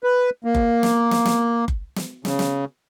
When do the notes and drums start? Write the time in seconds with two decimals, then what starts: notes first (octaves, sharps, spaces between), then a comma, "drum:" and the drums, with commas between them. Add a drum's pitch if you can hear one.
0.04 B4
0.44 A#3
0.55 drum: kick F#1
0.83 drum: snare
1.11 drum: snare
1.25 drum: snare
1.68 drum: kick F#1
1.96 drum: snare
2.25 C#3, drum: snare
2.39 drum: snare